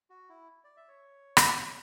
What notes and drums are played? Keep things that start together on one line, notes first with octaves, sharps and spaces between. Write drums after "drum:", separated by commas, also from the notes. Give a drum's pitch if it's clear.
F#4
E4
D5
E5
C#5
drum: rim click